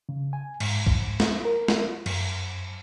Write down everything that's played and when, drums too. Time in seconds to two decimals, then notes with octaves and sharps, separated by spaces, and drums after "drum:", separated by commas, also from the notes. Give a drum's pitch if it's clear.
0.09 C#3
0.33 G#5
0.60 G#2, drum: cymbal
0.86 drum: kick B1
1.20 drum: snare
1.45 A#4
1.68 drum: snare
2.06 F#2, drum: cymbal